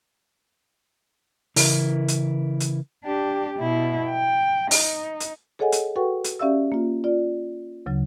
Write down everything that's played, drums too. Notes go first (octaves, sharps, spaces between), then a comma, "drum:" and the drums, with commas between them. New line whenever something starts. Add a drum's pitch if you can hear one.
C#3 E3 E4 A#4, drum: open hi-hat
drum: hi-hat
drum: hi-hat
D4 G4
B2 E4
G5
D#4, drum: open hi-hat
drum: hi-hat
G#4 A4 C#5 D#5 F#5 G#5
drum: hi-hat
F#4 A4 B4 F#5 G5 C#6
drum: hi-hat
C#4 G4 D5 E5 F5 E6
A#3 F4
F4 D5
D2 C#3 F#3